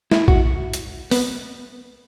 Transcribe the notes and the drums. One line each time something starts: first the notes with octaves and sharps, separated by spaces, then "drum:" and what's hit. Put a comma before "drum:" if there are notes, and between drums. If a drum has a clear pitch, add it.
E4, drum: snare
F#4, drum: kick
drum: hi-hat
B3, drum: open hi-hat